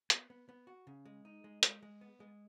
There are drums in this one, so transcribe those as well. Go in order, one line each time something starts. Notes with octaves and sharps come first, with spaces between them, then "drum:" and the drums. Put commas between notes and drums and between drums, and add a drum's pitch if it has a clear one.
B3, drum: hi-hat
B3
B3
F#4
C#3
G#3
D#4
G#3
G#3, drum: hi-hat
G#3
B3
G#3